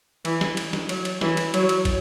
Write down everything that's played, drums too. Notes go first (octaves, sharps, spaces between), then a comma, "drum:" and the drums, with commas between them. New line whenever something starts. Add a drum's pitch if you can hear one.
E3, drum: cymbal
drum: snare
drum: cymbal
drum: snare
F#3, drum: cymbal
drum: cymbal
E3, drum: snare
drum: cymbal
F#3, drum: cymbal
drum: cymbal
drum: kick, cymbal